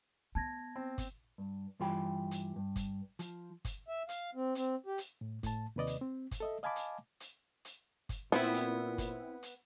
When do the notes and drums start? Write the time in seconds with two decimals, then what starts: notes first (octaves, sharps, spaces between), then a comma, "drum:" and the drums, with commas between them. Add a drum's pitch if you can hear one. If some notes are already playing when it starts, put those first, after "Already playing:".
0.35 B3 A5 G#6 A#6
0.76 C4
0.98 drum: kick G1, hi-hat
1.38 G2
1.80 G2 E3 F4 G4 G5 B5
2.31 drum: hi-hat
2.56 G2
2.76 drum: kick G1, hi-hat
3.19 F3, drum: hi-hat
3.65 drum: kick G1, hi-hat
3.89 E5
4.09 F5, drum: hi-hat
4.35 C4
4.55 C4, drum: hi-hat
4.86 G4
4.98 drum: hi-hat
5.21 A2
5.43 A2 A5, drum: kick G1, hi-hat
5.76 D#2 C3 B4 D5 D#5
5.87 drum: hi-hat
6.01 C4
6.31 drum: kick G1, hi-hat
6.40 A4 D#5 E5
6.63 D#5 F5 G#5 A5 B5 D6
6.76 drum: hi-hat
7.20 drum: hi-hat
7.65 drum: hi-hat
8.09 drum: kick G1, hi-hat
8.32 A#2 B3 C4 E4
8.54 drum: hi-hat
8.98 drum: kick G1, hi-hat
9.43 drum: hi-hat